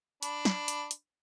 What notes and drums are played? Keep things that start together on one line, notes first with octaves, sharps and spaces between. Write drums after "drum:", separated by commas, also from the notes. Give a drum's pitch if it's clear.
D4 B5, drum: hi-hat
drum: snare
drum: hi-hat
drum: hi-hat